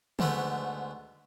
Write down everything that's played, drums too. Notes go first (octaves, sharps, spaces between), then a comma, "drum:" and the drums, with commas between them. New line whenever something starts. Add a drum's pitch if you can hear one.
D2 G#2 D3 A3 B3, drum: tom D3